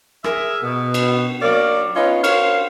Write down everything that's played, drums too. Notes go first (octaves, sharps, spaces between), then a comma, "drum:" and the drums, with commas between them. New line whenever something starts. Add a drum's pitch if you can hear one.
G#4 A#4 E5, drum: rim click
B2
drum: cymbal
F#3 A#3 A#4 C#5 D5
B3 C#4 D#4 F4 B4 C#5
F#4 A#4 C5 C#5 F5, drum: cymbal